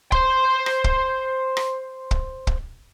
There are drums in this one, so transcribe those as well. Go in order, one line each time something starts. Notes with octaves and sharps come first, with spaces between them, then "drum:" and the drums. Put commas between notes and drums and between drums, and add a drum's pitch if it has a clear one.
C5 C6, drum: kick
drum: rim click
drum: kick
drum: rim click
drum: kick
drum: kick